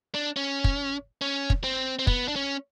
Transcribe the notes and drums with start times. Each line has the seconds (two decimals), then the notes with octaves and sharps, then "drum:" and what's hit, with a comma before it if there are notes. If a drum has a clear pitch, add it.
0.15 D4
0.36 C#4
0.64 drum: kick
1.21 C#4
1.50 drum: kick
1.64 C4
1.99 C4
2.07 B3, drum: kick
2.28 D4
2.36 C#4